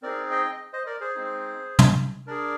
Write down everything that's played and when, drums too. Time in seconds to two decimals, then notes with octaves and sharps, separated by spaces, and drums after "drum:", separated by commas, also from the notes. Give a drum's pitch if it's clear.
0.02 C4 D#4 G#4 A#4 D5
0.31 D#5 G5
0.73 C5 D#5
0.86 A#4 D5
1.01 G#4 C5
1.15 G#3 C4 D#4
1.79 drum: tom
2.27 D4 G#4 A#4 D5